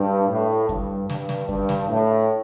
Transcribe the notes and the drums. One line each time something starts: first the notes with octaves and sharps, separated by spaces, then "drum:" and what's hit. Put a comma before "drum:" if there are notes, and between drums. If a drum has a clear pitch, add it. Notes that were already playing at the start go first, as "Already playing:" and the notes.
Already playing: G2
A2
G2, drum: kick F#2
G2, drum: snare
drum: snare
G2, drum: kick F#2
drum: snare
A2